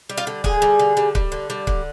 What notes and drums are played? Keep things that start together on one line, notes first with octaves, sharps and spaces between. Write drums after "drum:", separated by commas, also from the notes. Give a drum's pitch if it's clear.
G3
F4 F5
D3
D3 G#4 G#5, drum: kick
G3
D3
G3
G3, drum: kick
D3
G3
D3, drum: kick